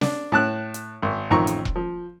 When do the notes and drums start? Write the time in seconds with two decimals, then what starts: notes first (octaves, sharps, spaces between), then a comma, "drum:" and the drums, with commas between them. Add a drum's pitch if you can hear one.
0.01 D4, drum: snare
0.32 A2 A5 F#6
0.74 drum: hi-hat
1.02 G#1
1.30 A1 F2 D#3 A#5 C#6
1.47 drum: hi-hat
1.65 drum: kick E1
1.76 F3